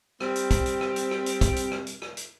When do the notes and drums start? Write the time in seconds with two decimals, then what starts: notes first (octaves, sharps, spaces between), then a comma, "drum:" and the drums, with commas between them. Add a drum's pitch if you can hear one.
0.20 G3 C4, drum: rim click
0.36 drum: hi-hat
0.51 drum: kick, hi-hat
0.66 drum: hi-hat
0.81 drum: rim click
0.96 drum: hi-hat
1.11 drum: rim click
1.26 drum: hi-hat
1.41 drum: kick, hi-hat
1.56 drum: hi-hat
1.72 drum: rim click
1.87 drum: hi-hat
2.02 drum: rim click
2.17 drum: hi-hat